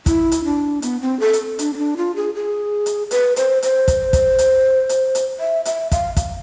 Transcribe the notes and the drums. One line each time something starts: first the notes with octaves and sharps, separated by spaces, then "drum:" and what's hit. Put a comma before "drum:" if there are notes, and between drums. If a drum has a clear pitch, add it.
E4, drum: kick, hi-hat
drum: hi-hat
D4
B3, drum: hi-hat
C4
A4
drum: hi-hat
D4, drum: hi-hat
C4
D4
F4
G#4
G#4
drum: hi-hat
B4, drum: hi-hat
C5, drum: hi-hat
C5, drum: hi-hat
drum: kick, hi-hat
drum: kick, hi-hat
drum: hi-hat
drum: hi-hat
drum: hi-hat
E5
E5, drum: hi-hat
F5, drum: kick, hi-hat
drum: kick, hi-hat